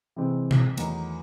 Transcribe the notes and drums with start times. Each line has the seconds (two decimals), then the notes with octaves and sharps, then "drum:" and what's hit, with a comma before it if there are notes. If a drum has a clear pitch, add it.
0.16 C3 E3 G#3 C4
0.51 drum: tom B2
0.77 E2 D#3 F#3 A3 D#4, drum: cymbal